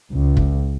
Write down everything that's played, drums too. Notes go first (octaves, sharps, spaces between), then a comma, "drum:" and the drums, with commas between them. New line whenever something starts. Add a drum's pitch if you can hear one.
C#2
drum: kick